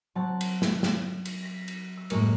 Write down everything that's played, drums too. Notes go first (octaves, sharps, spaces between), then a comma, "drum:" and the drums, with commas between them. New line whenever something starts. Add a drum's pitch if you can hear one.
F#3 C4 F#5 A5
drum: cymbal
drum: snare
drum: snare
drum: cymbal
A#6 B6
drum: cymbal
E6
F#2 A2 G#3 A#3 C#7, drum: cymbal